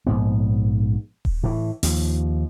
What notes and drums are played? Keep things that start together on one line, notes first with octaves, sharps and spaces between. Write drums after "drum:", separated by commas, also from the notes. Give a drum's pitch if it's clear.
A#1 G#2 B3
drum: kick D#1
A2 E3
D#2 F3, drum: open hi-hat